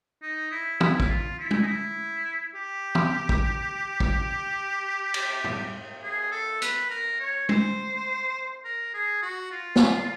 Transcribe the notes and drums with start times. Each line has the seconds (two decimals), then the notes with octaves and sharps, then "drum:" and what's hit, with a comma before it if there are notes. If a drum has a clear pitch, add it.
0.22 D#4
0.51 E4
0.81 E4, drum: tom
1.00 drum: kick
1.09 F4
1.39 E4
1.51 drum: tom G#3
1.63 D#4
1.67 E4
2.55 G4
2.95 drum: tom
3.29 drum: kick
4.00 drum: kick
5.14 drum: cymbal
5.44 drum: tom
6.03 G#4
6.32 A4
6.62 B4, drum: hi-hat
6.90 A#4
7.20 C#5
7.49 C5, drum: tom G#3
8.65 A#4
8.94 G#4
9.22 F#4
9.52 F4
9.76 drum: snare